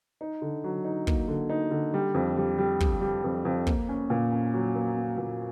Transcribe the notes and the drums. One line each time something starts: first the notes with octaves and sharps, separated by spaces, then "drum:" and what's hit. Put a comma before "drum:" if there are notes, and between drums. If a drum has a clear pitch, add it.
D#4
D3
F#3
D#4
A#3, drum: kick
D3
D#4
D3
G3
F2
G3
G3
G3, drum: kick
G3
F2
F2
A#3, drum: kick
C#4
A#2
C#4
F#3
A#3
A#3
A#2